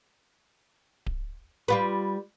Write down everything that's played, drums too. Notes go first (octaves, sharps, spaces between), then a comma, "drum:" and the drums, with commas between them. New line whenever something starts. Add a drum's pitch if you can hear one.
drum: kick D1
G3 F4 B4